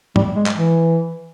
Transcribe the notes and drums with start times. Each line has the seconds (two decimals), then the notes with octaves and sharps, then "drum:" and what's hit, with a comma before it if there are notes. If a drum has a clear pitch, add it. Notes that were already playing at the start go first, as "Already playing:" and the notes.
0.16 G3, drum: tom G#2
0.36 G#3
0.46 drum: clap
0.57 E3